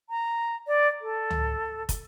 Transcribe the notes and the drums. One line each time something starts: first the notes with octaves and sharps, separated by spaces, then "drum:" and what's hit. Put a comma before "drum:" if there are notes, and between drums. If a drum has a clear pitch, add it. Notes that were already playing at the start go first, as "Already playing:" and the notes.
A#5
D5
A4
drum: tom C#2
drum: kick, hi-hat